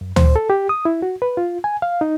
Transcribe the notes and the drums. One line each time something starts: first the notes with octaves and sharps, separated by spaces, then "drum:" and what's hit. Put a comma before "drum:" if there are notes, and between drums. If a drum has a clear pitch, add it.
F#2
C5, drum: tom D2
A4
G4
D#6
E4
F#4
B4
F4
G#5
F5
D#4